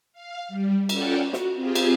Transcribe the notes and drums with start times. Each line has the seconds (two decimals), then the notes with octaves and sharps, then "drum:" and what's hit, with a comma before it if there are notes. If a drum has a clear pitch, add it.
0.13 F5
0.48 G3
0.89 C#4 F4 A4 D5 F#5 G5, drum: cymbal
1.23 F#4
1.33 drum: snare
1.54 C4 F4 G4 G#4
1.75 drum: cymbal